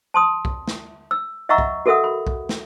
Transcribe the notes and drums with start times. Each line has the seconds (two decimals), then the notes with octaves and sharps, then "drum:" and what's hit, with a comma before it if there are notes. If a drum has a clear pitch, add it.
0.14 A5 C6 D#6
0.45 drum: kick
0.68 drum: snare
1.11 E6
1.49 D#5 E5 F#5 A#5 C#6 E6
1.58 drum: kick
1.86 F#4 A4 A#4 E5 F#5 D#6
2.04 B5
2.27 drum: kick
2.49 drum: snare